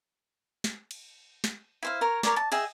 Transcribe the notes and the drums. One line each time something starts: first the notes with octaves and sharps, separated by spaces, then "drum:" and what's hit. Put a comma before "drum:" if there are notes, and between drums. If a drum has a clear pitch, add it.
drum: snare
drum: cymbal
drum: snare
E4 C5 F5
A#4 C#5
A#4 C#5 D5, drum: snare
A5
G#4 D#5 E5 G5, drum: cymbal